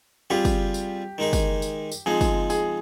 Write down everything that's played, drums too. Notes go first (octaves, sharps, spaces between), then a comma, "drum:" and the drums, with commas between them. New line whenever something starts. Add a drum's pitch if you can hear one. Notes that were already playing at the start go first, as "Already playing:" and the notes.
G3 C4 F4 G4 G#4
drum: kick, tambourine
drum: tambourine
D#3 G#3 D#4 G#4
drum: kick, tambourine
drum: tambourine
drum: tambourine
F3 G#3 C4 D#4 G#4
drum: kick, tambourine
G#4, drum: tambourine